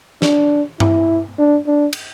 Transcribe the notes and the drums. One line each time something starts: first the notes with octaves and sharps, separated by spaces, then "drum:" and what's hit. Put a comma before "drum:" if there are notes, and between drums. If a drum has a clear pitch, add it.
D4, drum: snare
E4, drum: tom G2
D4
D4
drum: cymbal